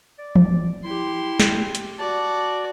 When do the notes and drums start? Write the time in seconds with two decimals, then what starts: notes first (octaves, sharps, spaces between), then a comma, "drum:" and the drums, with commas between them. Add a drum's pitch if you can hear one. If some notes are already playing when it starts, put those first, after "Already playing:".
0.18 D5
0.35 drum: tom E3
0.84 E4 G4 C6
1.40 drum: snare
1.75 drum: hi-hat
1.99 F#4 D5 A5